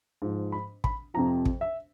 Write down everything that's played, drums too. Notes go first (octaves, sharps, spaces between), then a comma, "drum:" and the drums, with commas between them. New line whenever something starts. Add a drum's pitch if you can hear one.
G#2 F3
B5
B5, drum: kick
F2 C3 F3 A#5
drum: kick
E5